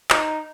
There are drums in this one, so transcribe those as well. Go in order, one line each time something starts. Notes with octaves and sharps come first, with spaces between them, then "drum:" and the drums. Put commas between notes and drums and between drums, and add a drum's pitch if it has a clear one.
D#4, drum: clap